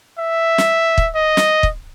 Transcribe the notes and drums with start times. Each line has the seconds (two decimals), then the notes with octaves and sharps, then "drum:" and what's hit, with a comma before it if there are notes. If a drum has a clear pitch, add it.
0.19 E5
0.58 drum: snare
0.98 drum: kick
1.15 D#5
1.37 drum: snare
1.63 drum: kick